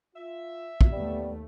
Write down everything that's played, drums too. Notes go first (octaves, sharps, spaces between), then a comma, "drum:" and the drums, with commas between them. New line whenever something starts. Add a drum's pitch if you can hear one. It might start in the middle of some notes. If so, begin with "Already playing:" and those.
F4 E5
drum: kick
D#2 G3 A3 B3